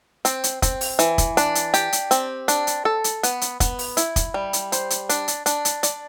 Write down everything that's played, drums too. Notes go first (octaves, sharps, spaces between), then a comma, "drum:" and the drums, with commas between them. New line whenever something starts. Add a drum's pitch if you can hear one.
C4, drum: hi-hat
drum: hi-hat
C4, drum: kick, hi-hat
drum: open hi-hat
E3, drum: hi-hat
drum: kick, hi-hat
D4, drum: hi-hat
drum: hi-hat
G4, drum: hi-hat
drum: hi-hat
C4, drum: hi-hat
D4, drum: hi-hat
drum: hi-hat
A4
drum: hi-hat
B3, drum: hi-hat
drum: hi-hat
B3, drum: kick, hi-hat
drum: open hi-hat
E4, drum: hi-hat
drum: kick, hi-hat
G3
drum: hi-hat
C5, drum: hi-hat
drum: hi-hat
D4, drum: hi-hat
drum: hi-hat
D4, drum: hi-hat
drum: hi-hat
D5, drum: hi-hat